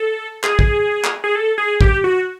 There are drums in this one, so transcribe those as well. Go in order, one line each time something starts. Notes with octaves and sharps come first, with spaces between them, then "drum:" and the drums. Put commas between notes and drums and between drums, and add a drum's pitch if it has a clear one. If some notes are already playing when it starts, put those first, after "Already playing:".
Already playing: A4
G#4, drum: clap
drum: kick
drum: clap
G#4
A4
G#4
G4, drum: kick
F#4